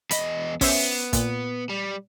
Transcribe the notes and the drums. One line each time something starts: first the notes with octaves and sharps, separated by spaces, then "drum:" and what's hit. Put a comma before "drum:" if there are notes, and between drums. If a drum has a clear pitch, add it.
E2 D#5 B5, drum: hi-hat
B3 C#4 C5 E5, drum: kick, open hi-hat
A#2, drum: kick, hi-hat
G3